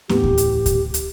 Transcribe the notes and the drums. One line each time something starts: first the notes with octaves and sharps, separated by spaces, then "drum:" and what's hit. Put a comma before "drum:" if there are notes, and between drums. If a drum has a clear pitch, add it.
E2 A2 B3 G4, drum: snare
drum: kick D2
drum: hi-hat
drum: kick D2, hi-hat
drum: hi-hat